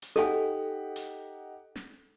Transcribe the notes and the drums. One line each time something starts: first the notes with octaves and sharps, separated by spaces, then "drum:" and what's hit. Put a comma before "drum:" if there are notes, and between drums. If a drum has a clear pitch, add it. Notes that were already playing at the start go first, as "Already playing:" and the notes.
drum: hi-hat
D#4 G4 A4 F#5 G#5, drum: snare
drum: hi-hat
drum: snare